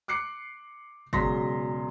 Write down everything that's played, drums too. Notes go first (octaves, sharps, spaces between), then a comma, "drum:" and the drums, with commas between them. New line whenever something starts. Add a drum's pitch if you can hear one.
D6 F#6 C7 C#7
E1 C#3 F#3 C6 A#6 B6, drum: kick